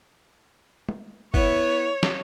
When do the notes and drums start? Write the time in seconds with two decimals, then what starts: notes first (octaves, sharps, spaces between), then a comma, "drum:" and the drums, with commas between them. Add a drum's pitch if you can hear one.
0.89 drum: tom
1.34 B3 E4 C#5, drum: kick
2.03 drum: snare